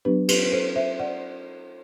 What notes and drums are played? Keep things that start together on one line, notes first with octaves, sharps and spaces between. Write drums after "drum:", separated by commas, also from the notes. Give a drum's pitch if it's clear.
F#3 B3 D4 G4 B4
G4 B4, drum: cymbal
B4
A4 C5
C5 E5
D5 F#5